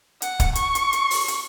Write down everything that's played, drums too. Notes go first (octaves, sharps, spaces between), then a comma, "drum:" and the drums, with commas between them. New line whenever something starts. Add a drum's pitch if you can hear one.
F#5, drum: hi-hat
drum: kick, hi-hat
C#6, drum: hi-hat
drum: hi-hat
drum: hi-hat
drum: open hi-hat
drum: hi-hat